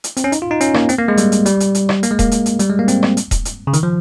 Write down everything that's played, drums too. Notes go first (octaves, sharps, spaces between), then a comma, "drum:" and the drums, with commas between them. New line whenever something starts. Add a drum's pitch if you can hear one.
drum: hi-hat
C4, drum: hi-hat
C#4
D#4, drum: hi-hat
F4
D#4
C#4, drum: hi-hat
A#3, drum: rim click
C4, drum: hi-hat
A#3
G#3
G3, drum: hi-hat
drum: hi-hat
G3, drum: hi-hat
drum: hi-hat
drum: hi-hat
drum: rim click
A#3, drum: hi-hat
G#3
A#3, drum: kick D#1, hi-hat
drum: hi-hat
drum: hi-hat
G3, drum: hi-hat
G#3
A#3
C4, drum: hi-hat
drum: rim click
drum: hi-hat
drum: kick D#1, hi-hat
drum: hi-hat
C#3
D#3, drum: hi-hat
F3